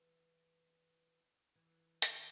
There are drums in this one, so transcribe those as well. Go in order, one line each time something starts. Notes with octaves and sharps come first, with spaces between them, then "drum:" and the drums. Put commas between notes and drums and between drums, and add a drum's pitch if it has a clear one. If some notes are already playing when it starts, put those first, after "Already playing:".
Already playing: E3
E3
D#3, drum: hi-hat